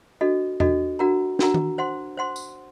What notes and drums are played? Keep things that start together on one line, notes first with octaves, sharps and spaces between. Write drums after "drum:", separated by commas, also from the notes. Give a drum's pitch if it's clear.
D4 F#4 A4 D#5
D4 F#4 A4 D#5, drum: tom E2
D4 F#4 A#4 F#5 A#5
D4 F#4 A#4 F#5 A#5, drum: snare
drum: tom D#3
C5 F#5 C6
C5 F#5 C6
drum: tambourine